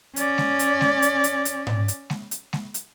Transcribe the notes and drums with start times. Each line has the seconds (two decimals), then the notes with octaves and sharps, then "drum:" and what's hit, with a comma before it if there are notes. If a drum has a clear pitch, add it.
0.16 C#4 D5, drum: hi-hat
0.38 drum: snare G#3
0.59 drum: hi-hat
0.81 drum: snare G#3
1.02 drum: hi-hat
1.24 drum: hi-hat
1.45 drum: hi-hat
1.67 drum: tom G#2
1.88 drum: hi-hat
2.10 drum: snare G#3
2.31 drum: hi-hat
2.53 drum: snare G#3
2.74 drum: hi-hat